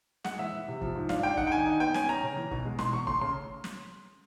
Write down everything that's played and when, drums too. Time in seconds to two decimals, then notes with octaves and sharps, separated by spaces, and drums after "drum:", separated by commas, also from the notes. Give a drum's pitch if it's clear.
0.24 G#3 F#5, drum: snare
0.39 E3 E5
0.53 E3
0.68 C3
0.81 F3, drum: kick
0.95 G#2
1.09 D4 F5, drum: snare
1.23 D4 G5
1.37 D#4 F#5, drum: kick
1.47 G5
1.52 D#3 G#5
1.66 D#4 G#5
1.80 B3 G5
1.94 C#4 G#5, drum: snare
2.08 C#4 A#5
2.23 C#3
2.37 E3
2.51 B2, drum: kick
2.66 G#3
2.78 B2 C6, drum: snare
2.93 E2 C#6
3.07 A3 C6, drum: kick
3.21 C#3 C6
3.64 drum: snare